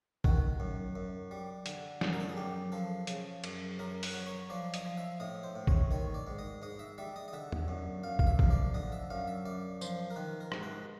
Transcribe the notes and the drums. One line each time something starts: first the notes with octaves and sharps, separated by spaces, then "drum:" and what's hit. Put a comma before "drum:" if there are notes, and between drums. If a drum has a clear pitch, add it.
D#3 F#4, drum: kick
F#2
F#2
G3
D3, drum: hi-hat
F#2, drum: snare
A#4
A4
G#4
F#2 G4
F3 A4
C#3, drum: hi-hat
F#2, drum: cymbal
F#2 A#4
B4, drum: open hi-hat
F#3
C#5
F3 D5
D#5, drum: hi-hat
F3
E5
A2 D#5
C5
A2
C#5, drum: kick
D#3 C#5
D5
G#2
D#5
G#2 D#5
E5
G3 E5
D#5
D#5
D3 E5
drum: tom E2
F#2
F#2 F5
F5, drum: kick
E5
F3, drum: kick
D5
D3 D#5
E5
F#2 F5
E5
F#2 D5
F3 C5, drum: tambourine
A#4
D#3 B4
A#4
G#2, drum: rim click
B4